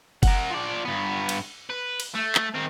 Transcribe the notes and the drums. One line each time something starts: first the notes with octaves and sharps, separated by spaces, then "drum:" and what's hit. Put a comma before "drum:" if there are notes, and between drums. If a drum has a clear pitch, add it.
A#4 F#5, drum: kick F#1, cymbal
F3 D5
G2 B3
drum: cymbal
B4
drum: cymbal
A3
drum: clap
D#3 C4